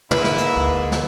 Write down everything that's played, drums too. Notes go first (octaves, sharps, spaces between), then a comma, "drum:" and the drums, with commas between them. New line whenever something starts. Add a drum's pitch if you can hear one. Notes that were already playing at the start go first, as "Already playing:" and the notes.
G#2 A#3 E4 B4, drum: tom
drum: snare
drum: hi-hat
D2
drum: snare